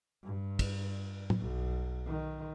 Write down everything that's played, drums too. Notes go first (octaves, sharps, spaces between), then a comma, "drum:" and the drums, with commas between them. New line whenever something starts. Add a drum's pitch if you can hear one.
G2
drum: kick, cymbal
drum: tom
B1
D#3